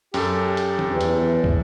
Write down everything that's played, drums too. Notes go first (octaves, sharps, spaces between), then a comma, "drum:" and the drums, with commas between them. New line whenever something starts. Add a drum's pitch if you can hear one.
F#2 G4 A4, drum: open hi-hat
drum: hi-hat
drum: tom D#3
E2
drum: hi-hat
drum: kick